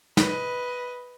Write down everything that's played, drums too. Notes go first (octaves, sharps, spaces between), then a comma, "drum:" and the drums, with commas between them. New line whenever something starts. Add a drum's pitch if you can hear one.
B4 D#5, drum: snare